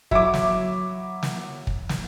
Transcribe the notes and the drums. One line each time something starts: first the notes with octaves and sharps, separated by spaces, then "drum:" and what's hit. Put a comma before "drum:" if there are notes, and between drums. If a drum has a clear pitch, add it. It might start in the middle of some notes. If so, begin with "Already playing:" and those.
F#3 E4 C#5 E5 D6, drum: kick
drum: snare
drum: snare
drum: kick
drum: snare